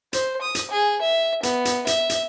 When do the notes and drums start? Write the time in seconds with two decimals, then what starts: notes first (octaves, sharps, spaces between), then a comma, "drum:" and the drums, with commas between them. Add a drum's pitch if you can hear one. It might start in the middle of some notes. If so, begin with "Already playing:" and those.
0.13 C5, drum: hi-hat
0.42 D#6
0.55 drum: hi-hat
0.71 G#4
1.02 E5
1.43 B3, drum: hi-hat
1.65 drum: hi-hat
1.87 E5, drum: hi-hat
2.10 drum: hi-hat